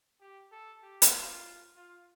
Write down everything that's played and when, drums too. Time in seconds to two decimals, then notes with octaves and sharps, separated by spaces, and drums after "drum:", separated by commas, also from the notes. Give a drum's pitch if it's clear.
0.21 G4
0.52 A4
0.82 G4
1.02 drum: hi-hat
1.13 F4
1.76 F4